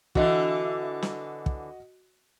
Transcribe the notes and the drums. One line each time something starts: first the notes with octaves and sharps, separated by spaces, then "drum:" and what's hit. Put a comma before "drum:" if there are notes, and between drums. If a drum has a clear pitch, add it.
D3 E3 F#4 D#5, drum: kick
drum: snare
drum: kick